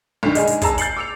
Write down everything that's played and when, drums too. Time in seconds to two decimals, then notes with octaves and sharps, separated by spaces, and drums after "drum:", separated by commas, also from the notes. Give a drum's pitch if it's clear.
0.23 B1 G2 D3 D#3
0.35 G#3 D#4 G#4, drum: hi-hat
0.47 drum: hi-hat
0.62 G#1 G#4 A5 A#5 E6, drum: kick, hi-hat
0.78 G6 A6 C7 C#7 F#7, drum: hi-hat
0.96 D6 E6 C#7 F7